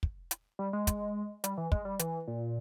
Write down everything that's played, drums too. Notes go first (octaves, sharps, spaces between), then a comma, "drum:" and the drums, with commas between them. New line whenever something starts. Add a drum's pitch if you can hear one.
drum: kick
drum: hi-hat
G3
G#3
drum: kick, hi-hat
G3, drum: hi-hat
E3
G#3, drum: kick
G3
E3, drum: hi-hat
A#2